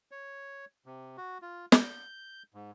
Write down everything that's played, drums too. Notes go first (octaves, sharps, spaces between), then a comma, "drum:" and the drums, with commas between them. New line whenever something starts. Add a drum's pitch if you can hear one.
C#5
C3
F#4
F4
G6, drum: snare
G#2